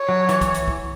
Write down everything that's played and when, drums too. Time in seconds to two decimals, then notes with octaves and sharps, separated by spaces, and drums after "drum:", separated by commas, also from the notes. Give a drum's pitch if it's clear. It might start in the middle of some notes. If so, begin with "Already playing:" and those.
Already playing: C#5
0.09 F#3
0.29 E3, drum: hi-hat
0.41 drum: kick, hi-hat
0.55 drum: hi-hat
0.68 drum: kick